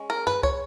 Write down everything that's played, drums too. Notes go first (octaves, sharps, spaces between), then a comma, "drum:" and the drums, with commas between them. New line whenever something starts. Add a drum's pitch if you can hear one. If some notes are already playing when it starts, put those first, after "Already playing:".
Already playing: G#3 C#4
A#4
B4, drum: tom
C#5, drum: kick